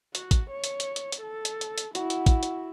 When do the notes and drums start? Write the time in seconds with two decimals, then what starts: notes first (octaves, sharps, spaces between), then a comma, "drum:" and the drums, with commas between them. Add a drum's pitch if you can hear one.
0.15 F#4, drum: hi-hat
0.31 drum: kick, hi-hat
0.51 C#5
0.64 drum: hi-hat
0.80 drum: hi-hat
0.96 drum: hi-hat
1.12 drum: hi-hat
1.22 A4
1.45 drum: hi-hat
1.61 drum: hi-hat
1.78 drum: hi-hat
1.95 E4 F#4, drum: hi-hat
2.10 drum: hi-hat
2.26 drum: kick, hi-hat
2.43 drum: hi-hat